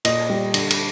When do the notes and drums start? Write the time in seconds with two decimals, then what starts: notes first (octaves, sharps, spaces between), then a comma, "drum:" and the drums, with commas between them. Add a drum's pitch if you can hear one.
0.05 A#2 D#5, drum: cymbal
0.30 G3
0.54 D3, drum: cymbal
0.71 drum: cymbal